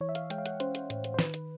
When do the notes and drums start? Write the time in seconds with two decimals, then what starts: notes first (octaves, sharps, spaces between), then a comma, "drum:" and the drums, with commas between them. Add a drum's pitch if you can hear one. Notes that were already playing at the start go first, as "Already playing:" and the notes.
0.01 E3 C#5
0.09 E5
0.15 F5, drum: hi-hat
0.30 G#3 G5, drum: hi-hat
0.38 F5
0.46 F#5, drum: hi-hat
0.60 C#4 C5, drum: hi-hat
0.75 drum: hi-hat
0.90 A2, drum: hi-hat
1.04 drum: hi-hat
1.14 C5
1.19 D#3 B4, drum: snare
1.34 drum: hi-hat